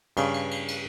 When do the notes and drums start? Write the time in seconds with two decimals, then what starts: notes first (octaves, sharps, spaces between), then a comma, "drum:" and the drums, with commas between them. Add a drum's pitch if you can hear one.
0.17 G2 C#3, drum: cymbal
0.34 drum: cymbal
0.51 drum: cymbal
0.68 drum: cymbal